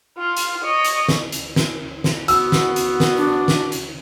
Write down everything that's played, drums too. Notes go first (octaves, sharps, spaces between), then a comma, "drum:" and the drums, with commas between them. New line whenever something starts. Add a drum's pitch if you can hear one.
F4
drum: hi-hat
C#5 D#5
drum: hi-hat
drum: snare
drum: hi-hat
drum: snare
drum: snare
B3 F#4 E6, drum: hi-hat
drum: snare
drum: hi-hat
drum: snare
D4
drum: snare
drum: hi-hat